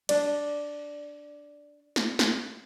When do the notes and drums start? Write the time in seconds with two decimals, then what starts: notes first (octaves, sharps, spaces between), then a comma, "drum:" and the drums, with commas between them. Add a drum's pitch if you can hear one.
0.09 D4 D5, drum: cymbal
1.96 drum: snare
2.19 drum: snare